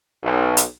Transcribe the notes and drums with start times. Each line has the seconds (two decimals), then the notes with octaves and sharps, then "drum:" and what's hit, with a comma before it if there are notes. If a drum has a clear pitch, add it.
0.22 B1
0.57 drum: hi-hat